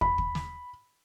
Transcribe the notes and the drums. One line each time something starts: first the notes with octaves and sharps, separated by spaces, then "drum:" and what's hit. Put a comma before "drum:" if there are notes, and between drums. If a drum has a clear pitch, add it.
B5, drum: kick
drum: kick
drum: snare